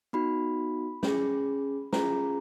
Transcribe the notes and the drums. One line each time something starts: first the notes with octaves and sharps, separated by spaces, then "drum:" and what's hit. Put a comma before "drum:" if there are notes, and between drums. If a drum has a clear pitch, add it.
B3 D#4 F#4 B5
C#4 G#4, drum: snare
C#4 F4 G#4 A#5, drum: snare